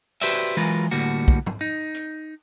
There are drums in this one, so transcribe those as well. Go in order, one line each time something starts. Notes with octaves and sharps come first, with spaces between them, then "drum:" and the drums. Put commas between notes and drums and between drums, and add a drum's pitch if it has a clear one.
F#4 G4 B4 C5 D5 E5, drum: cymbal
E3 F#3 G#3 F4 A#4 B4
A2 D3 G3 A#3 F#4
drum: kick
drum: tom G#2
D#4
drum: hi-hat